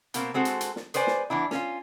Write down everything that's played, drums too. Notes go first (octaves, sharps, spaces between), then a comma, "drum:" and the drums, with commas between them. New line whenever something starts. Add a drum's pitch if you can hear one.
B2 A#3 C4, drum: hi-hat
G#3 C4 F#4 A4
drum: hi-hat
drum: hi-hat
drum: snare
G#4 B4 C5 D5 G#5, drum: hi-hat
drum: snare
E3 B3 D4 E4
C#4 F4, drum: snare